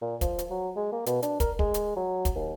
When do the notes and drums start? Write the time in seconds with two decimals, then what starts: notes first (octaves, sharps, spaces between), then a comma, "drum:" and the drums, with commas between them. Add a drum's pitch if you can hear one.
0.02 A#2
0.21 F3, drum: kick, hi-hat
0.39 drum: hi-hat
0.50 F#3
0.76 G#3
0.92 A#3
1.06 B2, drum: hi-hat
1.23 D4, drum: hi-hat
1.40 A#4, drum: kick, hi-hat
1.59 G#3, drum: kick
1.74 drum: hi-hat
1.96 F#3
2.25 drum: kick, hi-hat
2.35 D#2